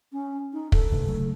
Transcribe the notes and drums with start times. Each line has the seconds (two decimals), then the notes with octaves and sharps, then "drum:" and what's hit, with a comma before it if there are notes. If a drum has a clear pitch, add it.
0.12 C#4
0.53 D#4
0.72 A4, drum: kick
0.92 D2 G2 C3
1.08 C#3 F#3 A3